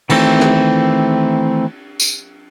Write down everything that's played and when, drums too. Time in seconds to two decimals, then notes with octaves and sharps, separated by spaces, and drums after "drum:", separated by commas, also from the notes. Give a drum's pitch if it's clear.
0.10 D#3 E3 A3 C4, drum: cymbal
0.40 drum: rim click
2.00 drum: tambourine